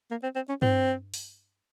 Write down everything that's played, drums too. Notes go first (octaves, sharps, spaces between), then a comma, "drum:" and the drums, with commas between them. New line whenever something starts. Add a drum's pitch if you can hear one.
A#3
C4
C4
C#4
C4, drum: tom G2
drum: open hi-hat